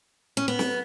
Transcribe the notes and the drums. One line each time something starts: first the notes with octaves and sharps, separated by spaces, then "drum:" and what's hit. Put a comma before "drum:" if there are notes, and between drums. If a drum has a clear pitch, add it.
C#4
B3
drum: snare